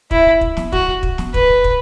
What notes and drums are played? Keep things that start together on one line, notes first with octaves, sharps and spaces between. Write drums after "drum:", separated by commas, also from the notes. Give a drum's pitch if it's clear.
E4, drum: kick
drum: kick
drum: snare
F#4, drum: kick
drum: kick
drum: snare
B4, drum: kick
drum: kick